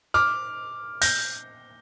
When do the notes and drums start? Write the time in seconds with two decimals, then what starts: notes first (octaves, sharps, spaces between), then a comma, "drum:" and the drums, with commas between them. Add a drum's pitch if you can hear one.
0.14 D6 F6
1.02 G6 A#6, drum: open hi-hat